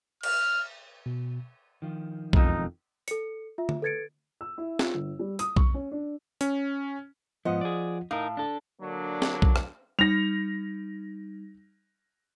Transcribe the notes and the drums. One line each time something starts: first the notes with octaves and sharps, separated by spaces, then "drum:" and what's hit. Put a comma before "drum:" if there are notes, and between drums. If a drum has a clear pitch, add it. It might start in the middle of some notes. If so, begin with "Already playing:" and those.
F6, drum: cymbal
B2
D#3 F3
E1 F2 D#4, drum: kick B1
A4 C#7, drum: hi-hat
F4 E5
drum: tom D3
A4 B4 G#6 A6 C#7 D7
E6
E4
F4, drum: snare
G1
G3
D#6, drum: hi-hat
C#6, drum: kick B1
C#4
D4
C#4, drum: hi-hat
G#2 F3 B3 F4 D#5 F#5
G#4 D5
A2 D#4 A#4 F5
D4 A4
D3 F#3 A#3 D4
drum: snare
drum: kick B1
drum: rim click
G3 D#4 A#6 F7